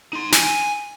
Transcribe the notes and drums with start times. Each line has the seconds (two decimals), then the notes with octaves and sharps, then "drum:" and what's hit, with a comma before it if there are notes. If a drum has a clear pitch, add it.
0.13 D#4 C6
0.32 G#5, drum: snare